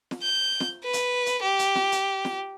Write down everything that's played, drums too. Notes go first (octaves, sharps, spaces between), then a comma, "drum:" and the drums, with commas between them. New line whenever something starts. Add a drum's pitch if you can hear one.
drum: snare
G6
drum: snare
B4
drum: hi-hat
drum: hi-hat
G4
drum: hi-hat
drum: snare
drum: hi-hat
drum: snare